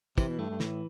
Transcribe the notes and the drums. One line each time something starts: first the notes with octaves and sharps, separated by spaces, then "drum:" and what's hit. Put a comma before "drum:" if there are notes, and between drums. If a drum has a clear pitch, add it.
C3 E3, drum: kick, tambourine
B2
G2 A3
G2
A2 E3, drum: snare